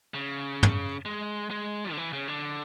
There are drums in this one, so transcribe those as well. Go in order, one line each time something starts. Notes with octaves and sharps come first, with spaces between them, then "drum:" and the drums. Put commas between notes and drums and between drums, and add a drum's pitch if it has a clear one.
C#3
drum: tom
G#3
G#3
D3
E3
C#3
D3